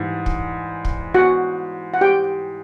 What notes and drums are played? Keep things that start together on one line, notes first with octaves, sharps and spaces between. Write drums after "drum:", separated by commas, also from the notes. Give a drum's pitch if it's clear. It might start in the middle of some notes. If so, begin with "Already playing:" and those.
Already playing: G#2 E3 G3
drum: kick
drum: kick
F#4 F#5
F#5
G4 G5